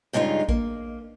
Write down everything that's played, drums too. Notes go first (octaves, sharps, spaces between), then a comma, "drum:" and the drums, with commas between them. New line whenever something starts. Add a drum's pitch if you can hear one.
G2 C#3 G#3 D#4 F4
A#3, drum: kick A1